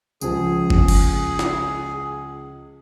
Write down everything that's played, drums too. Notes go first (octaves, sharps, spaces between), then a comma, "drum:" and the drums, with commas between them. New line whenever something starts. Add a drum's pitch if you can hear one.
C#2 F3 G#4, drum: tambourine
drum: kick G1
drum: cymbal
drum: snare